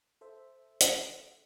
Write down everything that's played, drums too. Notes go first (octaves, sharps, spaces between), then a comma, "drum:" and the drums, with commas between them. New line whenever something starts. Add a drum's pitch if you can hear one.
A4 C5 E5
drum: hi-hat